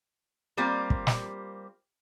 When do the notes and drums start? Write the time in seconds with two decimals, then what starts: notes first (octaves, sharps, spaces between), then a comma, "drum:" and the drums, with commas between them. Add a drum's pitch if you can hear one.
0.57 G3 A#3 C4 F4 G4
0.90 drum: kick
1.07 drum: snare